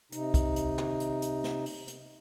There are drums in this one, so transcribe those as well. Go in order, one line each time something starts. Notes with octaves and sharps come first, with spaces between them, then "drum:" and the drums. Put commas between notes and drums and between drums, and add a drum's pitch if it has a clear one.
C3 D#4, drum: hi-hat
drum: kick, hi-hat
drum: hi-hat
drum: tom
drum: hi-hat
drum: hi-hat
drum: snare
drum: open hi-hat
drum: hi-hat